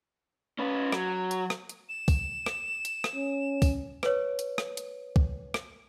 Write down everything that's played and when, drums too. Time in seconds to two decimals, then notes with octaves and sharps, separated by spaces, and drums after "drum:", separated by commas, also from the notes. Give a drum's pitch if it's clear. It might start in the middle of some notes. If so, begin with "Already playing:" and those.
0.59 C#4 B4
0.92 F#3, drum: rim click
1.31 drum: hi-hat
1.50 drum: rim click
1.69 drum: hi-hat
1.89 E7
2.08 drum: kick, open hi-hat
2.46 drum: rim click
2.85 drum: hi-hat
3.04 drum: rim click
3.15 C#4
3.62 drum: kick, open hi-hat
4.03 B4 C#5, drum: rim click
4.39 drum: hi-hat
4.58 drum: rim click
4.77 drum: hi-hat
5.16 drum: kick
5.54 drum: rim click